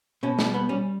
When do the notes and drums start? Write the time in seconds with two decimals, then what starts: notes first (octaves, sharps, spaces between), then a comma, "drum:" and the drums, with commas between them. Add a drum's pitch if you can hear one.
0.23 B2 C#4
0.39 D4, drum: snare
0.46 G3
0.54 B3
0.69 G3 C#4